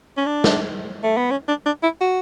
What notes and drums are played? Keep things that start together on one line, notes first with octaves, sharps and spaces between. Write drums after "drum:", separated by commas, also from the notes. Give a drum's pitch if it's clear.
C#4
D4
drum: snare
A3
B3
C#4
D4
D4
E4
F#4